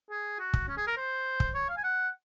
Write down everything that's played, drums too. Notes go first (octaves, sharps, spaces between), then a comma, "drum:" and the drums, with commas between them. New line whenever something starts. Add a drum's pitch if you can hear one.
G#4
F#4
drum: kick
C#4
G#4
A#4
C5
drum: kick
C#5
F5
G#5
F#5